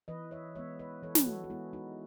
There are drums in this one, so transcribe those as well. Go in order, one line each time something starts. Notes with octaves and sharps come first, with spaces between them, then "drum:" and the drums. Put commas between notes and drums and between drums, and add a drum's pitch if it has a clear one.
E3 B4 D#5
C#5 E5
G#3 B3 C#5 E5
B4 D#5
E3 A4 C#5
drum: snare
F#4 A4
F#4
G#3 B3 E4 G#4
D#4 F#4